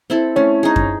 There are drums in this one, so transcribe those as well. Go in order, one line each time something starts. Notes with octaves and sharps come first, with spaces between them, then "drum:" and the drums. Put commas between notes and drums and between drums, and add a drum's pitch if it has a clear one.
C4 E4 A4
A3 C#4
D#4 G#4
drum: kick F#2